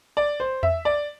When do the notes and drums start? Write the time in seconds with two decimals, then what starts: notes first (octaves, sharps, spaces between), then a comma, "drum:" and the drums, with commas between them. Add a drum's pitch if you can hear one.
0.17 D5
0.40 C5
0.63 E5, drum: tom E2
0.85 D5